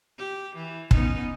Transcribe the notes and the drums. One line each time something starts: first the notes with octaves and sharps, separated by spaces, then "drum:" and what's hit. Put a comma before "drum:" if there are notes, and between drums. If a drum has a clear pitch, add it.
G4
E3
B3 C#4 D#4, drum: kick